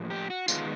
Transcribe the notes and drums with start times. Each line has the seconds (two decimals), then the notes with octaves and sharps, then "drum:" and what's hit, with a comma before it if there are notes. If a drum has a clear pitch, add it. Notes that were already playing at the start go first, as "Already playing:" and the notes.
Already playing: A2 F3 A#3
0.10 G4
0.30 F#4
0.48 D#3 G#3 B3 F4, drum: tambourine